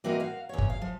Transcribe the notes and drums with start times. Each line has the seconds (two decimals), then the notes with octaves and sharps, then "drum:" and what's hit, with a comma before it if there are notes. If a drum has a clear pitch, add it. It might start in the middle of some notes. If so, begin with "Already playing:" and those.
0.04 E3 A#3 C4 F#4 A#4 D#5
0.20 F#4 F5
0.49 E2 C#5
0.58 drum: kick F#1
0.70 F5
0.82 F3